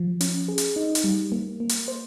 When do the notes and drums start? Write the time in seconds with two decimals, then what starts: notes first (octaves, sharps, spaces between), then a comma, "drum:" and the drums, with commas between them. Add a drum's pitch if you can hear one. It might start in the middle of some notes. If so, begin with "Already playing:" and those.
Already playing: F3
0.21 C#4, drum: hi-hat
0.48 G#4
0.58 drum: hi-hat
0.76 D#4
0.95 drum: hi-hat
1.04 G3
1.32 A#3
1.60 A#3
1.69 drum: hi-hat
1.88 C5